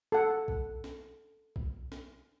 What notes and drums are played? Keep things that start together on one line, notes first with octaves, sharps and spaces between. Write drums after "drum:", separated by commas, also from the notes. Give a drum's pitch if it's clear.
A4 F#5
drum: kick B1
drum: snare
drum: kick B1
drum: snare